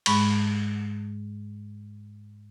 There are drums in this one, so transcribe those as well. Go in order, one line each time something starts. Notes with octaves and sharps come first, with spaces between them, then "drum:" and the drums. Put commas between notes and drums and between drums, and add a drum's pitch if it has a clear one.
G#2 G#3 B5 C#6, drum: cymbal